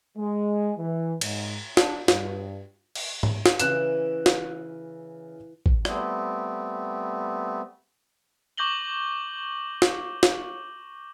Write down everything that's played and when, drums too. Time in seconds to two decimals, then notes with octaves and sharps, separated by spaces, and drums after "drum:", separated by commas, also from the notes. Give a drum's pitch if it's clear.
0.17 G#3
0.78 E3
1.21 G#2, drum: cymbal
1.77 D4, drum: snare
2.08 G2, drum: snare
2.95 drum: cymbal
3.23 drum: tom
3.46 drum: snare
3.60 C#3 E3 F#6 E7, drum: hi-hat
4.26 drum: snare
5.66 drum: kick
5.85 G3 A3 B3 C4, drum: rim click
8.57 C#6 D6 G6 A#6 F#7 G7
9.82 drum: snare
10.23 drum: snare